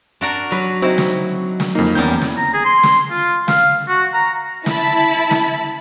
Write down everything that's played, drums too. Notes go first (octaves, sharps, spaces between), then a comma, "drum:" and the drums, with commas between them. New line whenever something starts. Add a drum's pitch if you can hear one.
D4 F#4 A#4
F#3 B4
C4 D#4 E4 F#4
drum: snare
drum: snare
F2 A#3 D#4
E2 D#3 G3 C#4 G6
drum: snare
A#5
G#4
C6
drum: snare
F4
F5, drum: snare
F#4
A#5
E4 A5 B5, drum: snare
drum: snare